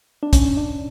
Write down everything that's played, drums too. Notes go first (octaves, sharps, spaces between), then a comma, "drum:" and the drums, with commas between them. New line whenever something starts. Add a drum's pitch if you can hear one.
D4
C#4, drum: kick, hi-hat
D4